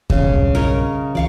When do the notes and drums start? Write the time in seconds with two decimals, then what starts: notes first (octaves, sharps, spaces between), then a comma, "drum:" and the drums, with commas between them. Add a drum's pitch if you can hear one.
0.10 C#3, drum: kick D#2
0.23 B1 G2
0.55 A#4 C#5 D#5
1.15 C#2 E3 D5 F5 C#6